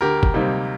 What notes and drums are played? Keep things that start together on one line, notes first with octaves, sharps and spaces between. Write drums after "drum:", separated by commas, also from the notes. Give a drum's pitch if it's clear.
D2 G4 A#4
drum: kick G1
C3 G3 A#3 D#4